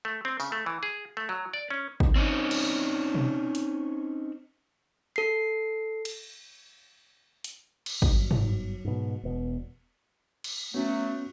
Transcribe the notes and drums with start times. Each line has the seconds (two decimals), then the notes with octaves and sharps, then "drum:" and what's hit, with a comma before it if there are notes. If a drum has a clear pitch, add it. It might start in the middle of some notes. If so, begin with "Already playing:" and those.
0.05 A3
0.25 C4
0.40 C#3, drum: tambourine
0.52 A3
0.66 E3
0.83 G#4
1.17 A3
1.29 F#3
1.54 D5
1.70 C#4
2.00 drum: kick
2.16 C4 C#4 D#4
2.51 drum: cymbal
3.14 drum: tom B2
3.55 drum: hi-hat
5.16 A4 C7
6.05 drum: cymbal
7.44 drum: hi-hat
7.86 drum: cymbal
8.02 G1 F#3, drum: kick
8.31 drum: tom G#2
8.85 G#2 B2
9.23 E1 B2 B3
10.44 drum: cymbal
10.74 F#3 A3 B3 C#4 F#4